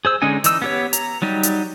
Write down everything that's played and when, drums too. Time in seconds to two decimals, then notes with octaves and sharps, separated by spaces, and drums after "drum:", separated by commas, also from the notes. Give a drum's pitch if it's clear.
0.05 G#4 C5 E6
0.22 D3 G#3 C#4 D#4 G#5
0.44 E3 D#4 E6, drum: hi-hat
0.62 B3 G4 C#5
0.93 A#5, drum: hi-hat
1.22 F#3 G3 D#4 G4
1.43 drum: hi-hat